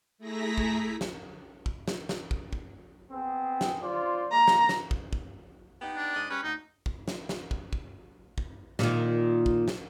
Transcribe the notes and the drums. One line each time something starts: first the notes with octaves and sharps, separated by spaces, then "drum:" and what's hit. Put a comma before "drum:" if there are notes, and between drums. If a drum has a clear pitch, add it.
A3 E4 G#4 A#5 A#6 B6
drum: kick
drum: snare
drum: kick
drum: snare
drum: snare
drum: kick
drum: kick
B3 C4 G#4
drum: snare
F4 C5 D5
G#3 A#3 A#5
drum: snare
drum: snare
drum: kick
drum: kick
B3 D#4 G4
D4
G#2 D5 D#5
G3 C#4 B4
D2 D#4
drum: kick
drum: snare
drum: snare
drum: kick
drum: kick
drum: kick
A#2 D#3, drum: snare
drum: kick
drum: snare